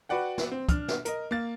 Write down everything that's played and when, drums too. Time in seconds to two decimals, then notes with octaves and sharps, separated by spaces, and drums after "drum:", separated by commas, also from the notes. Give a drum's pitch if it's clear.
0.09 F#4 B4 D5 F#5 G5
0.38 drum: snare
0.52 C4
0.69 D4 F6, drum: kick, hi-hat
0.88 drum: snare
1.05 A#4 D#5, drum: hi-hat
1.31 A#3 A6